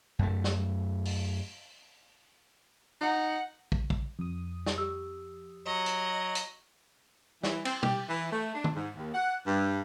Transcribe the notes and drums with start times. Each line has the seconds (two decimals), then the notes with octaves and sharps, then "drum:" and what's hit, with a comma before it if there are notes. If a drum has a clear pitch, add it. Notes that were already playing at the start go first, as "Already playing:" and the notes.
0.19 F#2 A3
0.44 drum: snare
1.05 drum: open hi-hat
3.01 D#4 F#5
3.72 drum: kick
3.90 drum: kick
4.19 F2 D#6
4.66 drum: snare
4.78 G4 E6
5.66 F#3 D#5
5.86 drum: hi-hat
6.35 drum: hi-hat
7.44 E3, drum: snare
7.65 C4, drum: cymbal
7.83 G4, drum: tom
8.09 E3
8.33 A3
8.55 D4
8.64 drum: tom
8.76 G#2
8.96 D#2
9.14 F#5
9.45 G2